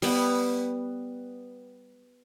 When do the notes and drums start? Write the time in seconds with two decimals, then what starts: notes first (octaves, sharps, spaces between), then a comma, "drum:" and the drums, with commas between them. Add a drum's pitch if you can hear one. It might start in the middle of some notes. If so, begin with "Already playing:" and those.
0.02 G3 B3, drum: open hi-hat